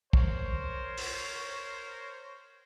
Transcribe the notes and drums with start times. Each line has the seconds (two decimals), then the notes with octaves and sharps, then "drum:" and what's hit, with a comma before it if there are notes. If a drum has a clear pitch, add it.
0.13 A#4 C5 C#5, drum: kick
0.97 drum: open hi-hat